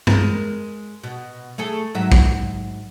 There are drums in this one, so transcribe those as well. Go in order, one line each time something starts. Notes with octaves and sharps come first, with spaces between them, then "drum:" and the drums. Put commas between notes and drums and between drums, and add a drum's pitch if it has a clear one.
G#3 A#4, drum: tom G2
B2
A3 G#4 A4
G#2 F#3 E5
drum: kick